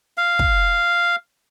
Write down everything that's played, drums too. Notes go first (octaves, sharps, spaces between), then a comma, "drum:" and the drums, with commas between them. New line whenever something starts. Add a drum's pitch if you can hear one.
F5
drum: kick